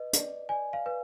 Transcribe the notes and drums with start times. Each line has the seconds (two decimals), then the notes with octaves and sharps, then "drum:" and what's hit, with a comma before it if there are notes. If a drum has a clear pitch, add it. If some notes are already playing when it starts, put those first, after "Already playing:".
Already playing: B4 D#5
0.13 D5, drum: hi-hat
0.49 D5 G#5
0.73 F5
0.86 B4